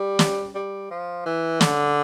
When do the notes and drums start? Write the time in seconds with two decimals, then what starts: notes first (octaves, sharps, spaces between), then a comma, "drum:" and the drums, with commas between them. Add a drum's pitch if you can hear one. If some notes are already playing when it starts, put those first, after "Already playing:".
Already playing: G3
0.19 drum: snare
0.55 G3
0.90 F3
1.26 E3
1.61 D3, drum: snare